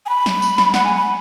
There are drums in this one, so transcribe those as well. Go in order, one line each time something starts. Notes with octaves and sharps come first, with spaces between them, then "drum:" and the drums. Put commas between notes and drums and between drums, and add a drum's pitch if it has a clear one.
G#5
B5
drum: snare
drum: tambourine
drum: snare
F#5, drum: snare
G#5
B5